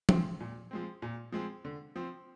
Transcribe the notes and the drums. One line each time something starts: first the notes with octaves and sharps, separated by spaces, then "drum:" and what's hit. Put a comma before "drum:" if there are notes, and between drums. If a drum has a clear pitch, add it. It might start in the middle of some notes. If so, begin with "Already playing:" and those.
F3 G#3 C4, drum: tom F3
A#2
F3 G#3 C4
A#2
F3 G#3 C4
D3
F3 C4